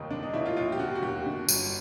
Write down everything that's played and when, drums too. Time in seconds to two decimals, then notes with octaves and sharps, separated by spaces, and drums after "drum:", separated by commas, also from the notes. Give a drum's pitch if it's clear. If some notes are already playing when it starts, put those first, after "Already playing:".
Already playing: F1 D#2 D#3 D#4
0.11 F1 D4
0.23 D#4
0.33 D#2 D#3 E4
0.46 F4
0.57 D#2 F4
0.72 G4
0.79 D3 F#4
0.95 F#4
1.03 D#2 G4
1.26 D3
1.49 G1, drum: tambourine